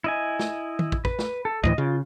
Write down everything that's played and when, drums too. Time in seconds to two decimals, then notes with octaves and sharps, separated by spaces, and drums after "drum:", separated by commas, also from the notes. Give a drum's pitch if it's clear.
0.04 E4 D#5 G#5
0.39 drum: snare
0.79 drum: tom
0.92 drum: kick
1.05 B4, drum: kick
1.19 drum: snare
1.45 A4
1.64 D2 A2 E3 D#5
1.78 C#3 F4